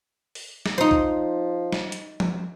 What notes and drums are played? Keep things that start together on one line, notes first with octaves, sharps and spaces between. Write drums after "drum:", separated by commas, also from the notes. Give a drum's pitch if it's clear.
drum: open hi-hat
drum: snare
F3 D#4 C5
drum: kick B1
drum: snare
drum: hi-hat
drum: tom F3